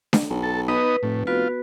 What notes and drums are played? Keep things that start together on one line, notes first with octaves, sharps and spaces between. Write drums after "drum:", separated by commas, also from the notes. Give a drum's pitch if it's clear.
drum: snare D4
B1
A4
B3 D#4 B4 D#5
F1 A2
B3 F4 F#4 B4